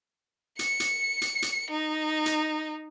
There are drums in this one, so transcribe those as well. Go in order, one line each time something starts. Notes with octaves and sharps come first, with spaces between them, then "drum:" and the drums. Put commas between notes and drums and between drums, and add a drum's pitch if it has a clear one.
C#7, drum: hi-hat
drum: hi-hat
drum: hi-hat
drum: hi-hat
D#4
drum: hi-hat